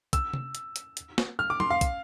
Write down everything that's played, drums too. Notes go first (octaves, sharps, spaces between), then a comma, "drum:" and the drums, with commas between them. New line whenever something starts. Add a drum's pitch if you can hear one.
E6, drum: kick, hi-hat
drum: tom C3
drum: hi-hat
drum: hi-hat
drum: hi-hat
drum: snare
F6
D6
C6, drum: tom
F5
drum: kick, hi-hat